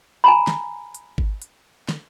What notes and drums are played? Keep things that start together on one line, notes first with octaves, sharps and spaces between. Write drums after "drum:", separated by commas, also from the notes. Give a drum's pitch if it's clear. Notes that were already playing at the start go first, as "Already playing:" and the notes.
G#5 A#5 B5
drum: snare
drum: hi-hat
drum: kick G#1
drum: hi-hat
drum: snare